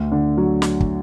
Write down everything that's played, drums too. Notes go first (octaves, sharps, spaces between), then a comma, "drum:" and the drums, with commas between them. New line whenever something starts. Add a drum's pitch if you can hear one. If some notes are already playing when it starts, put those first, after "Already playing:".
Already playing: D2
D3
F#3
drum: snare
drum: kick